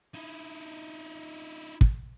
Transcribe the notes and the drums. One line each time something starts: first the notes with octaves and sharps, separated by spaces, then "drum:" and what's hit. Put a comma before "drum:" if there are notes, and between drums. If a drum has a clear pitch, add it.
D#4 E4
drum: kick